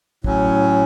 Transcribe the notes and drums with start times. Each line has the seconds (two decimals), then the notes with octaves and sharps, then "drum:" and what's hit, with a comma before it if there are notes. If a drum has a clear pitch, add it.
0.24 A2 F#3 C#4, drum: kick